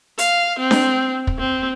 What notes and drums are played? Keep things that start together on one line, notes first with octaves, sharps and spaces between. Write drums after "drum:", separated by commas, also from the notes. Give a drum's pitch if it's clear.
F5, drum: hi-hat
C4
drum: snare D4
drum: kick
C4